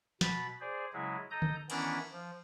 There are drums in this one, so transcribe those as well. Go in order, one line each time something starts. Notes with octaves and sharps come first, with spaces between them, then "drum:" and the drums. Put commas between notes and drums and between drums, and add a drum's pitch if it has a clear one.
B2 B5 A6, drum: snare
G#4 C5 D5
C#3 F#3 G#3 E4
A4 D#5 A#5 D#6 G6
drum: tom D3
D#3 E3 B3 C#4 D4 E4, drum: cymbal
F3